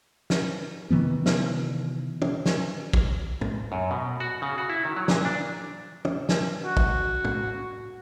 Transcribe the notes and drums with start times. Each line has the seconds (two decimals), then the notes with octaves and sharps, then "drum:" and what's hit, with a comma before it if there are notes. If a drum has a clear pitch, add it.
0.30 drum: snare
0.90 C3 D#3 E3 B3
1.26 drum: snare
2.22 drum: tom
2.46 drum: snare
2.93 drum: kick
3.41 drum: tom
3.72 F#2
3.91 B2
4.20 F#4
4.42 C#3
4.58 F#4
4.70 E4
4.85 D#3
4.96 F#3
5.08 A#2, drum: snare
5.25 D4
6.05 drum: tom
6.29 drum: snare
6.64 F#4
6.77 drum: kick
7.25 drum: tom